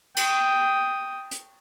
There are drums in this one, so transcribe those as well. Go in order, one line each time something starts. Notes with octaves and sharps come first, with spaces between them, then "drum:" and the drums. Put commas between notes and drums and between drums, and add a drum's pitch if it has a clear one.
G5 D#6, drum: cymbal
drum: hi-hat